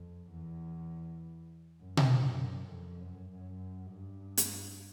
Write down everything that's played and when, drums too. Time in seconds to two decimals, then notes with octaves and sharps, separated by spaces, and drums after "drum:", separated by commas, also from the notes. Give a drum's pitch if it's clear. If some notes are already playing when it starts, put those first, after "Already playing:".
Already playing: F2
0.30 E2
1.80 F#2
1.97 drum: tom B2
2.10 F#2
2.70 F2
3.00 F#2
3.31 F#2
3.91 G2
4.37 drum: hi-hat